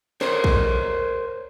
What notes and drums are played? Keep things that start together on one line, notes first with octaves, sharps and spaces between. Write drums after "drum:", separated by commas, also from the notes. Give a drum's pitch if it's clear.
A#4 C5 C#5, drum: snare
drum: kick A#1